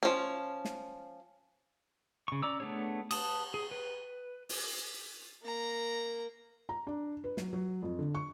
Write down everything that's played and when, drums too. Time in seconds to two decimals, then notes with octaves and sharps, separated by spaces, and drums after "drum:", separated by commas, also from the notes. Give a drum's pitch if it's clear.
0.03 F3 C#4
0.65 drum: snare
2.28 C#3 C#6
2.42 C#4 D5 A#5 D6 E6
2.60 A3 B3 D4 G#4 C#5
3.11 B4 A5 D#6, drum: cymbal
3.54 G#4
3.71 B4
4.49 drum: open hi-hat
5.42 A#3 A#5
6.69 A#5
6.87 D4
7.24 B4
7.37 F#3, drum: snare
7.53 F#3
7.82 F2
7.99 D3
8.15 C#6